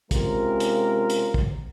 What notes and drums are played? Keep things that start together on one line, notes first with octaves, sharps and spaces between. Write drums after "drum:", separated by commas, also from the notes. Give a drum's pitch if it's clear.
C3 G#3 C#4 F4 A#4, drum: kick, hi-hat
drum: hi-hat
drum: hi-hat
drum: kick